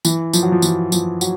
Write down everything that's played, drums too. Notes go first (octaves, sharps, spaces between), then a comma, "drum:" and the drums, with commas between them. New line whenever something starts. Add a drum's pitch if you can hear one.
E3, drum: tambourine
F3, drum: tambourine
F#3
F3
E3, drum: tambourine
F3, drum: tambourine
F#3, drum: tambourine